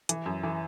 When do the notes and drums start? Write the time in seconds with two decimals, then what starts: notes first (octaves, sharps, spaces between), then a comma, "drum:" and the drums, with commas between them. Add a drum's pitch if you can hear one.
0.09 E3, drum: hi-hat
0.26 F#2
0.43 E3